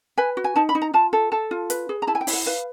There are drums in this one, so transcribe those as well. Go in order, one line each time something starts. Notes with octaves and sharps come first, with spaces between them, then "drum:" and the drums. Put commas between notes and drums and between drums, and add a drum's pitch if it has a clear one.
B4 G#5
F#4
G#5
D#4 A5
B5
D#4
A#5
F4 A5
A4
A4 A5
F4
B4, drum: hi-hat
G#4
A#5
E4 A5
G#5
G5
E4, drum: open hi-hat
F#5
B4 F5